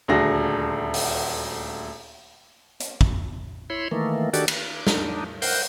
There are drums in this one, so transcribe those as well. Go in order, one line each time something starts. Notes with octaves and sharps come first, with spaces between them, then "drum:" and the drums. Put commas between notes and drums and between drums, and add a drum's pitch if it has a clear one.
D#1 D2 D4 F#4 G#4 A#6
drum: open hi-hat
drum: hi-hat
drum: kick
E4 C#5 B5 C6
D#3 E3 A3 A#3
D#3 D4 F#4 G4 A4 D5, drum: hi-hat
D6, drum: cymbal
D4 D#4, drum: snare
A#4 C5 F#6 G6, drum: open hi-hat